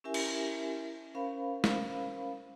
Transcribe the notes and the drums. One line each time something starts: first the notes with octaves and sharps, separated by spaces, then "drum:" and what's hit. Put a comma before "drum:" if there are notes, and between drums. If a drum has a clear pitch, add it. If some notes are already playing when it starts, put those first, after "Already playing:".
C#4 E4 G4 A#4 E5 G#5
drum: cymbal
C#4 A#4 C5 F5 B5
drum: snare